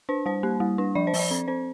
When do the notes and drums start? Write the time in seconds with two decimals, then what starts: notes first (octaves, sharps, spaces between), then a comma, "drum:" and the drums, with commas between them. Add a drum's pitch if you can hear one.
0.09 D4 C5
0.26 G3 C5
0.43 A#3
0.60 G3
0.78 D4
0.95 F3 D5
1.07 C5
1.14 F3, drum: open hi-hat
1.19 D5
1.31 C4
1.48 C4 C5